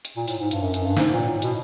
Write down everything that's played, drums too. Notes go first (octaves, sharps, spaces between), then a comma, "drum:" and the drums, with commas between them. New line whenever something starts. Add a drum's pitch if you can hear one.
drum: hi-hat
A#2
A2, drum: open hi-hat
G#2
G2, drum: hi-hat
F#2
F#2, drum: hi-hat
G2
G#2, drum: snare
A#2
A2
B2, drum: hi-hat